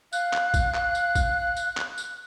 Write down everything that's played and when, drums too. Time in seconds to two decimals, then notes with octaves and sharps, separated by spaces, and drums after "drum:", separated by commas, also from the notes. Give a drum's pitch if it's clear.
0.13 F5 F#6, drum: tambourine
0.33 drum: clap
0.54 drum: kick, tambourine
0.74 drum: clap
0.95 drum: tambourine
1.15 drum: kick, tambourine
1.57 drum: tambourine
1.77 drum: clap
1.98 drum: tambourine